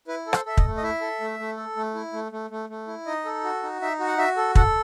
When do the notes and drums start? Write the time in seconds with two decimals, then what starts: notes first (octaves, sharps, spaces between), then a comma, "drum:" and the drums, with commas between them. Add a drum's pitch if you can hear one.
0.08 E4 B4
0.27 A4
0.33 C5, drum: rim click
0.46 A4 E5
0.57 D#5, drum: kick
0.65 A3
0.77 D#5
0.83 E4 E5
1.01 A4
1.21 A3
1.39 A3
1.57 A4
1.76 A3
1.95 E4
2.13 A3
2.32 A3
2.50 A3
2.69 A3
2.87 E4
3.06 D#4 D#5
3.25 A4
3.44 F#4
3.63 D#4
3.81 D#4 E5
4.00 F#4
4.07 F#5
4.18 F#4 E5
4.37 A4
4.55 A4 F#5, drum: kick